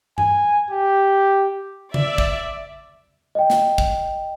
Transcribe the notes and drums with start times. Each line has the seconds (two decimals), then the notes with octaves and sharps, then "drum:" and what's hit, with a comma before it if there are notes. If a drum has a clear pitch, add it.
0.18 G#5, drum: tom G2
0.71 G4
1.94 D5 E5, drum: tom C#3
2.18 drum: kick
3.35 D#5 G5
3.50 drum: snare
3.78 drum: kick